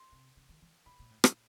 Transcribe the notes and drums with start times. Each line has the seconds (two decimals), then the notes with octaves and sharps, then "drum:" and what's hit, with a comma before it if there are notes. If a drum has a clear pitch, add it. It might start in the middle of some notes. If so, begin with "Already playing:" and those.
Already playing: C6
0.12 C3
0.37 C#3
0.49 D#3
0.62 E3
0.86 A#2 B5
0.99 A#2
1.11 A2
1.24 A#2, drum: rim click